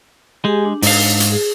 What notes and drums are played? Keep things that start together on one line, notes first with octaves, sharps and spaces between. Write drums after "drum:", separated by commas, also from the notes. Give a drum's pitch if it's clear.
G#3 G4 G#4 G#5
D4
G#2 F5, drum: open hi-hat
drum: hi-hat
G#4